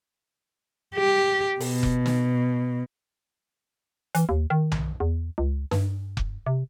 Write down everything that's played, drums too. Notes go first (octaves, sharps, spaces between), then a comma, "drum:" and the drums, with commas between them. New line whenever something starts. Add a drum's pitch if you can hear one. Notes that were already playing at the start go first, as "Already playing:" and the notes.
G4
B2, drum: open hi-hat
drum: kick F1
drum: snare
E3, drum: hi-hat
D#2
D#3
drum: tom B1
E2
C#2
G2, drum: snare
drum: kick F1
C3